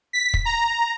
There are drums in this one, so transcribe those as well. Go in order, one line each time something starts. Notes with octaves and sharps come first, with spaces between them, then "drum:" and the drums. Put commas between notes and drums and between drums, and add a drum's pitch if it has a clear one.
B6
drum: kick
A#5